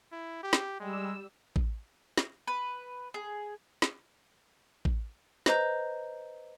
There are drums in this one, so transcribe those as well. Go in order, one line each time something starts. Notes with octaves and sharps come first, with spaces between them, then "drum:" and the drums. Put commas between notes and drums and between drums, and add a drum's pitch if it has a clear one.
E4
G4
drum: snare
G3 G#3 E6
drum: kick A1
drum: snare
B4
G#4
drum: snare
drum: kick A1
B4 C5 D#5 A#5 G6, drum: snare